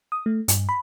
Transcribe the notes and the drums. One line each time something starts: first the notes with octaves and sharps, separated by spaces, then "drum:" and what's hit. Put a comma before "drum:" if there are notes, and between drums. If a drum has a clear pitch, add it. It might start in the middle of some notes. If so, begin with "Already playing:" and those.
D#6
A3
G2, drum: hi-hat
B5